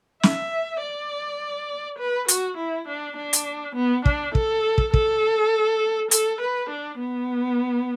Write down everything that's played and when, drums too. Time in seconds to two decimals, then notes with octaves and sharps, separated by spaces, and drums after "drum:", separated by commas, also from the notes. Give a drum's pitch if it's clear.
0.23 E5, drum: snare
0.82 D5
1.99 B4
2.28 F#4, drum: hi-hat
2.58 E4
2.88 D4
3.17 D4
3.33 drum: hi-hat
3.76 B3
4.06 D4, drum: kick
4.35 A4, drum: kick
4.78 drum: kick
4.94 A4, drum: kick
6.11 A4, drum: hi-hat
6.41 B4
6.70 D4
6.99 B3